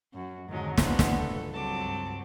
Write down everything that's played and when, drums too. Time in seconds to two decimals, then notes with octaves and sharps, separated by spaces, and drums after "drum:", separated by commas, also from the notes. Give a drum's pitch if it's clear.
0.14 F#2 F#4
0.49 F2 G#2 D3 D#3 F#3 G#3
0.78 B3 D4 F4 F#4 C5, drum: snare
0.99 drum: snare
1.16 C#2 G2 A4
1.53 F#3 C4 A5 D6